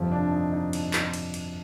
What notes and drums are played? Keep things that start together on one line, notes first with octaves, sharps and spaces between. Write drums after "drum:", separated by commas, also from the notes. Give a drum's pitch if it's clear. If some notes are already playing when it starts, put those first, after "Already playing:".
Already playing: G1 F2 C3 F3
D4
D#4
D#4
D#4, drum: cymbal
drum: clap
drum: cymbal
drum: cymbal